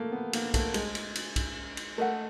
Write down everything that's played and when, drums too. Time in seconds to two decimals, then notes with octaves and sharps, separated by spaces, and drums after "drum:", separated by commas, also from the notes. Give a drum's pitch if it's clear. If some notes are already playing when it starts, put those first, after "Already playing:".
Already playing: A3 A#3 C#4 F4
0.12 B3
0.33 A#3, drum: cymbal
0.54 A3, drum: kick, cymbal
0.74 G#3, drum: cymbal
0.95 drum: cymbal
1.15 drum: cymbal
1.36 drum: kick, cymbal
1.77 drum: cymbal
1.98 A3 A#4 D#5 F#5